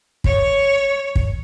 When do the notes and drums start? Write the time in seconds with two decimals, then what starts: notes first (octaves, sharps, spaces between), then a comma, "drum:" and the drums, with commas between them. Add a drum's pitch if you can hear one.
0.24 C#5, drum: kick
1.16 drum: kick